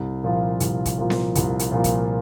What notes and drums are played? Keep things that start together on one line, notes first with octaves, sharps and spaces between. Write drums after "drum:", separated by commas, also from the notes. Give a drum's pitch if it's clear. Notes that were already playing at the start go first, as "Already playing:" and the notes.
Already playing: C2
A#2 F3 A#3 F4
C2, drum: hi-hat
drum: kick, hi-hat
A#2 F3 A#3 F4
drum: snare B3
C2, drum: kick, hi-hat
drum: hi-hat
A#2 F3 A#3 F4
drum: kick, hi-hat